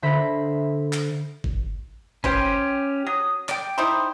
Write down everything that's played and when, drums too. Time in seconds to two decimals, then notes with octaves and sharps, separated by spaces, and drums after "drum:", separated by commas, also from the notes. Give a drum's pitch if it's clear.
0.02 D3 C5 E5 B5 A#6 B6
0.93 drum: clap
1.44 drum: kick G1
2.24 C#4 G4 B4 C5, drum: kick G1
3.07 F#3 D#6
3.49 D5 G5, drum: clap
3.78 D#4 E4 C5